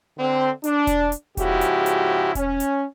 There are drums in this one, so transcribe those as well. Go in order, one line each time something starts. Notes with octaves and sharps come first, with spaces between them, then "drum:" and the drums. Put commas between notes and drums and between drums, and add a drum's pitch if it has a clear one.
D3 C4
D4, drum: hi-hat
drum: kick E1, hi-hat
drum: hi-hat
G#2 C#3 F3 E4 F#4 G4, drum: kick E1, hi-hat
drum: hi-hat
drum: hi-hat
C#4, drum: kick E1, hi-hat
drum: hi-hat